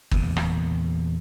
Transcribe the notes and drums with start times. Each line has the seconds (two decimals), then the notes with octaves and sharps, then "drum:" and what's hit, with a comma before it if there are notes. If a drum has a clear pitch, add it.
0.11 E2 A#2 C#3, drum: kick G1
0.37 drum: rim click